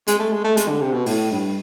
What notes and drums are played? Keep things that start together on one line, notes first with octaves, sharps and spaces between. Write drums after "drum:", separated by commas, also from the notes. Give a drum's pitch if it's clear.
G#3, drum: hi-hat
A3
G#3
A3
G#3, drum: hi-hat
D3
C3
B2
A2, drum: open hi-hat
G2